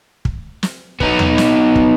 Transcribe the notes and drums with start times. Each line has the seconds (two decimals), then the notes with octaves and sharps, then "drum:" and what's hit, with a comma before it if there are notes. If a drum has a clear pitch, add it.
0.25 drum: kick
0.63 drum: snare
1.00 B3 D#4, drum: kick
1.19 drum: tom D#2
1.38 drum: snare
1.76 drum: kick